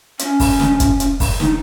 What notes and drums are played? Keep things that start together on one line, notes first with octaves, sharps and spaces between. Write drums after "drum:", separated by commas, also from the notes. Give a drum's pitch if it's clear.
C#4, drum: hi-hat
drum: kick, open hi-hat
drum: snare
drum: kick, hi-hat
drum: hi-hat
drum: kick, open hi-hat
D#4, drum: snare